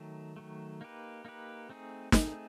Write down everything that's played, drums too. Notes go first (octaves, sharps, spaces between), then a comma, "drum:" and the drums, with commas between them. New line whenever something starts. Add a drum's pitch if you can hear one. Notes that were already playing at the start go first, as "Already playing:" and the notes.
Already playing: D#3 F#3 A3
D#3 F#3 A3
A#3 D#4 G4 B4
A#3 D#4 G4 B4
A3 C4 D#4 G#4
A3 C4 D#4 G#4, drum: snare